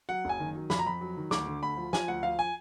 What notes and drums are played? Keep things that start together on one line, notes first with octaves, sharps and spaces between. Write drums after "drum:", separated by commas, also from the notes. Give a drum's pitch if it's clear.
F#3 F#5
F#1 G#5
D#3
F#3
F2 B5, drum: snare
A#5
F2 B5
F#3
D#3
D2 D6, drum: snare
D3
D2 B5
F3
F3 G#5, drum: snare
D2 F#5
F3 F5
G#5